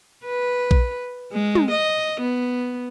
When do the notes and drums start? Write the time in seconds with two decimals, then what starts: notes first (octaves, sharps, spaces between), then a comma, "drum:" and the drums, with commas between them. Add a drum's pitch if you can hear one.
0.26 B4
0.71 drum: kick A#1
1.32 G#3
1.55 drum: tom
1.71 D#5
2.21 B3